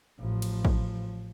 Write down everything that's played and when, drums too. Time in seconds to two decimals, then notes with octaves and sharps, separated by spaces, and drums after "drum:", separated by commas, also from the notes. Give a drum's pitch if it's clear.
0.20 A1 F3
0.42 drum: cymbal
0.65 drum: kick